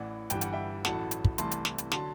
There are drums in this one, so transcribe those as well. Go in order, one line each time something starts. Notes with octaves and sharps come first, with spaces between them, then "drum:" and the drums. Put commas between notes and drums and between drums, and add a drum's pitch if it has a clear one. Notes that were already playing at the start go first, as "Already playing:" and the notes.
Already playing: A1 A2 E3 D5 F#5
G1 G2 E3 G3 G5, drum: hi-hat
F#5, drum: hi-hat
E5 G5
A1 A2 F#3 A3 F#5 A5, drum: snare
drum: hi-hat
drum: kick
C2 C3 E3 A3 A5 C6, drum: hi-hat
drum: hi-hat
drum: snare
drum: hi-hat
D3 F#3 A5 C6, drum: snare